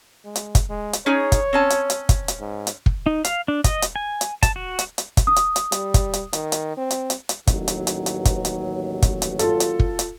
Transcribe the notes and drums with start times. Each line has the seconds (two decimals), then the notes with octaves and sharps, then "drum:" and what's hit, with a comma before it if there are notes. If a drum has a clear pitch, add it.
0.25 G#3
0.36 drum: hi-hat
0.55 drum: kick, hi-hat
0.69 G#3
0.93 drum: hi-hat
1.06 C#4 D#4 G#4 C#5
1.32 drum: kick, hi-hat
1.53 C4 C#4 A5
1.70 drum: hi-hat
1.90 drum: hi-hat
2.09 drum: kick, hi-hat
2.28 drum: hi-hat
2.40 G#2
2.67 drum: hi-hat
2.86 drum: kick
3.06 D#4
3.24 F5, drum: hi-hat
3.48 D4
3.64 D#5, drum: kick, hi-hat
3.82 drum: hi-hat
3.96 G#5
4.21 drum: hi-hat
4.43 A5, drum: kick, hi-hat
4.56 F#4
4.79 drum: hi-hat
4.98 drum: hi-hat
5.17 drum: kick, hi-hat
5.27 D#6
5.36 drum: hi-hat
5.56 drum: hi-hat
5.72 G3, drum: hi-hat
5.94 drum: kick, hi-hat
6.13 drum: hi-hat
6.33 D#3, drum: hi-hat
6.52 drum: hi-hat
6.77 C4
6.91 drum: hi-hat
7.10 drum: hi-hat
7.29 drum: hi-hat
7.47 A1 D#2 F#3, drum: kick, hi-hat
7.68 drum: hi-hat
7.87 drum: hi-hat
8.06 drum: hi-hat
8.25 drum: kick, hi-hat
8.45 drum: hi-hat
9.02 drum: kick, hi-hat
9.22 drum: hi-hat
9.39 F4 A4, drum: hi-hat
9.60 drum: hi-hat
9.79 drum: kick
9.99 drum: hi-hat